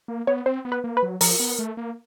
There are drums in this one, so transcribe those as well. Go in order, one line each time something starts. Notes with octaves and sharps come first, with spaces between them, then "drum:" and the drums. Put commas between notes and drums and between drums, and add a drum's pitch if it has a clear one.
A#3
B3 C#5
C4 C5
B3
B4
A#3
B4
F#3
F3 A#4, drum: open hi-hat
B3
A3
A#3